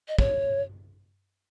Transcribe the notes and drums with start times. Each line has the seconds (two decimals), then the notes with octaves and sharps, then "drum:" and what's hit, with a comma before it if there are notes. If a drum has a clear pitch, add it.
0.08 D#5
0.19 C#5, drum: kick